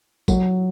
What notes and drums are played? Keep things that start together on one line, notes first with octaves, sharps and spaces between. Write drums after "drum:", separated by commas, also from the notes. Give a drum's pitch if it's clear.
F#3, drum: kick A1, tambourine